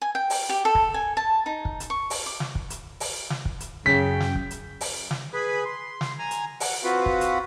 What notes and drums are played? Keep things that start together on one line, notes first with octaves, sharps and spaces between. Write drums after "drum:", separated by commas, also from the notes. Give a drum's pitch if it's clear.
G#5
G5
drum: open hi-hat
G4
A4
drum: kick
G#5
A5
D#4
drum: kick
drum: hi-hat
C#6
drum: open hi-hat
D6
drum: snare
drum: kick
drum: hi-hat
drum: open hi-hat
drum: snare
drum: kick
drum: hi-hat
F#2 C#3 G5 B6
drum: snare
drum: kick
drum: hi-hat
drum: open hi-hat
drum: snare
G#4 B4 B5
C6
drum: snare
G#5 A#5
drum: hi-hat
F#5, drum: open hi-hat
C4 F4 F#4 B4
drum: kick
drum: hi-hat